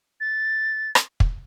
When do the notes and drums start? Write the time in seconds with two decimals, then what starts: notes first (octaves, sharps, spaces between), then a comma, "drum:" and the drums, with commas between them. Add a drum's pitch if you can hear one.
0.20 A6
0.95 drum: rim click
1.20 drum: kick